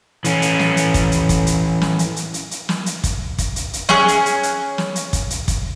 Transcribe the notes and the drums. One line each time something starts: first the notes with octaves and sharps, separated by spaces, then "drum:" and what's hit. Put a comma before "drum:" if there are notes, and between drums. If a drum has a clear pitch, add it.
E3 C#4, drum: hi-hat
drum: hi-hat
drum: snare
drum: hi-hat
drum: kick, hi-hat
drum: hi-hat
drum: kick, hi-hat
drum: hi-hat
drum: snare
drum: hi-hat
drum: hi-hat
drum: hi-hat
drum: hi-hat
drum: snare
drum: hi-hat
drum: kick, hi-hat
drum: kick, hi-hat
drum: hi-hat
drum: hi-hat
C#4 G#4 F#6, drum: snare
drum: hi-hat
drum: hi-hat
drum: hi-hat
drum: snare
drum: hi-hat
drum: kick, hi-hat
drum: hi-hat
drum: kick, hi-hat